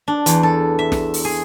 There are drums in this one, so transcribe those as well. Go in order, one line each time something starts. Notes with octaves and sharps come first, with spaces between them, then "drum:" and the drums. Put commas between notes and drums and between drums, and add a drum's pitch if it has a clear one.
D4
E2, drum: hi-hat
A4
E5
drum: snare
drum: open hi-hat
G#4